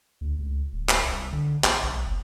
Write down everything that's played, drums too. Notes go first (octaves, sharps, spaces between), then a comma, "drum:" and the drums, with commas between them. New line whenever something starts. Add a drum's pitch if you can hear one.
D2
C#2
D1
drum: clap
C2
D3
A1, drum: clap
B1
F#1